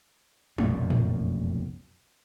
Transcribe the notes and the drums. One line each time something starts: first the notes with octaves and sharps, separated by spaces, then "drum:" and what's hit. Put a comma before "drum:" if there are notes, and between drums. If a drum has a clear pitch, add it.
F1 B1 F#2 A#2, drum: tom G3
drum: tom A2